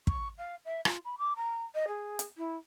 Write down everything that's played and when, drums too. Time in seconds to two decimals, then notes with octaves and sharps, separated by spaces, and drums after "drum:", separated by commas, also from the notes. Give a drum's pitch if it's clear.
0.07 C#6, drum: kick
0.38 F5
0.65 E5
0.85 F4, drum: rim click
1.04 B5
1.18 D6
1.36 A#5
1.74 D#5
1.87 G#4
2.19 drum: hi-hat
2.37 E4